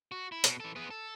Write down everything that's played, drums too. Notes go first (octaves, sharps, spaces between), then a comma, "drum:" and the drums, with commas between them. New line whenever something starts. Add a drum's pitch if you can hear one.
F#4
E4
B2, drum: hi-hat
E3 A4
B3 G#4
A4